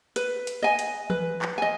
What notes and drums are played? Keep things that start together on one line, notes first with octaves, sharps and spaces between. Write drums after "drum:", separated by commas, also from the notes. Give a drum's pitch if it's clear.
B4, drum: hi-hat
drum: hi-hat
D#5 G#5
drum: hi-hat
B4, drum: tom E3
drum: clap
D#5 G#5